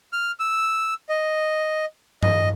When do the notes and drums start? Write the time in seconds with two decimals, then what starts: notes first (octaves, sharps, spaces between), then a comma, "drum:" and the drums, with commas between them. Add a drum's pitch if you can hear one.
0.13 F6
0.40 E6
1.09 D#5
2.23 D#5, drum: tom G2